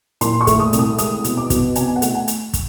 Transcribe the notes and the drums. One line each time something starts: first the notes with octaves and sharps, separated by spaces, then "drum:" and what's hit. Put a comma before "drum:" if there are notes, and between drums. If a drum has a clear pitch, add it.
A#2 C6, drum: hi-hat
C#6
A3, drum: kick, hi-hat
D#6
C2, drum: hi-hat
D#6
G#3 D#6, drum: hi-hat
B2, drum: hi-hat
D6
B2, drum: kick, hi-hat
C3 G#5, drum: hi-hat
F#5
A3, drum: hi-hat
G#5
drum: hi-hat
drum: kick, hi-hat